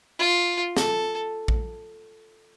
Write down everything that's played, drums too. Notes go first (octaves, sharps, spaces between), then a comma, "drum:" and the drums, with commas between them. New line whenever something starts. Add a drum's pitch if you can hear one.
F4
A4, drum: snare
drum: kick